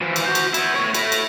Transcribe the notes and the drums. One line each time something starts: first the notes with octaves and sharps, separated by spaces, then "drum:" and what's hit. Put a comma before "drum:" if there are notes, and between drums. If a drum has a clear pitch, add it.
E3 F3
drum: cymbal
F#4 C5
drum: cymbal
B3 E4, drum: cymbal
A3 C#5
A3 E4, drum: cymbal
drum: cymbal